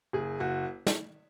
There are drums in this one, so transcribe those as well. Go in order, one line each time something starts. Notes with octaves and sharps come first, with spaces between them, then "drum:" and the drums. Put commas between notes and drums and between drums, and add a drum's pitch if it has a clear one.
F#1 G#4
F#1 F#4
drum: snare